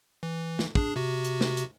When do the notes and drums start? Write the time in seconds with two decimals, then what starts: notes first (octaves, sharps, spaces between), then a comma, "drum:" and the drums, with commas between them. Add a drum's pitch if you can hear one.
0.23 E3
0.59 drum: snare
0.75 D4 G#4, drum: kick
0.96 C3 F#4
1.24 drum: hi-hat
1.41 drum: snare
1.57 drum: hi-hat